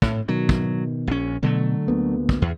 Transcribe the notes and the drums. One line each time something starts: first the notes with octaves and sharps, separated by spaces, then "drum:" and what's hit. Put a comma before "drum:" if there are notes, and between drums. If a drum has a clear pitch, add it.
A2, drum: kick
B2 D#3 F#3
drum: kick
A#1 C#4
B2 D3 F#3 A3
D2 A#3 B3
drum: kick
E2